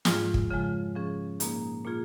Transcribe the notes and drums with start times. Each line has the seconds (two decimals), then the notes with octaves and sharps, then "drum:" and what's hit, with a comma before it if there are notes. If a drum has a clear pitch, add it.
0.05 G#2 F3 G#3 F4 G#4, drum: snare
0.34 drum: kick
0.50 F2 C#3 F3 G#3 F4
0.96 C#3 F3 C#4 G#4
1.40 A#2 A#3 D#4 G#4, drum: hi-hat
1.85 A#2 A#3 F4 G#4